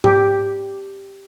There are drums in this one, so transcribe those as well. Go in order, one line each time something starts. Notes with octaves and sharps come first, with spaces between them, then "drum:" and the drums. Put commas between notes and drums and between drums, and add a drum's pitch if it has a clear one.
G4, drum: tom G#2